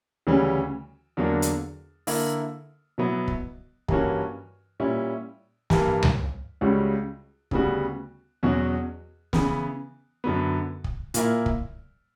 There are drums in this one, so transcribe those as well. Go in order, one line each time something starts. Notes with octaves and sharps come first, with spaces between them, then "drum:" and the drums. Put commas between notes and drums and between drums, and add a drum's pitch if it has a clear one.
D2 C#3 E3 G3 C#4
E2 D3 F#3 A#3 D4
drum: hi-hat
D3 A#3 E4, drum: open hi-hat
B2 F#3 B3 E4
drum: kick
G2 E3 A#3 C#4 F#4, drum: kick
A#2 G3 C#4 E4
G2 E3 A#3, drum: snare
drum: tom C#2
C#2 C#3 G3 C#4 F#4
D2 C#3 G3 B3 F#4, drum: kick
E2 B2 F#3 C#4 F#4
C#3 E3 B3, drum: snare
F#2 D3 F#3 B3
drum: kick
A#2 A#3 E4, drum: hi-hat
drum: kick